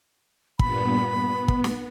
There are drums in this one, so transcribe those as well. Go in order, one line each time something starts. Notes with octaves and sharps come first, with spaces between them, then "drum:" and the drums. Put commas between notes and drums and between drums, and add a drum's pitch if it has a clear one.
G2 A#2 B3 B5, drum: kick
B3
drum: kick
drum: snare